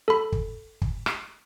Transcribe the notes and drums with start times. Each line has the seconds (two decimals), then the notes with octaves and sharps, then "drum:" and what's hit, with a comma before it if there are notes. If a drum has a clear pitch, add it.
0.08 A4 B5
0.32 drum: kick
0.82 drum: kick
1.06 drum: rim click